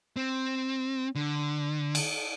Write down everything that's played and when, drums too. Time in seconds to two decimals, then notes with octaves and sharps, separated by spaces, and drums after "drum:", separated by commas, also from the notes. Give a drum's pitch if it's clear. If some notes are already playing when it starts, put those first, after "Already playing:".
0.17 C4
1.15 D3
1.95 drum: cymbal